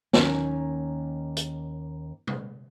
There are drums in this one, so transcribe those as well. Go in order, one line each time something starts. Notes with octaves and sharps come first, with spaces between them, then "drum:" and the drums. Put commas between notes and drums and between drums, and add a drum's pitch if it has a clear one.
D#2 A#3 C#4, drum: snare
drum: hi-hat
drum: tom C3